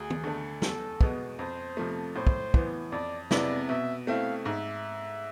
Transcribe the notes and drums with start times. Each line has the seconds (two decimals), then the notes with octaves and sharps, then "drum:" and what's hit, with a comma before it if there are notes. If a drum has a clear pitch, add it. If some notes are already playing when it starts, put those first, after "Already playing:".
Already playing: D2 G#4
0.10 drum: tom
0.24 D3 A3
0.62 E2 A4, drum: snare
1.01 B2 G#3 B3, drum: kick
1.39 F2 C5
1.77 C3 F3 A3
2.16 A2 C5
2.27 drum: kick
2.54 E3 B3, drum: kick
2.92 F2 D5
3.31 C3 G#3 B3 E4 D5, drum: snare
3.69 B2 E5
4.07 A3 C4 E4 F5
4.46 G#2 E5